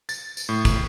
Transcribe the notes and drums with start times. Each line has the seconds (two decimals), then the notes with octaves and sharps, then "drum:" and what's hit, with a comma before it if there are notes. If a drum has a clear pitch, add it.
0.09 A6, drum: tambourine
0.37 drum: tambourine
0.49 A2
0.65 drum: kick, tambourine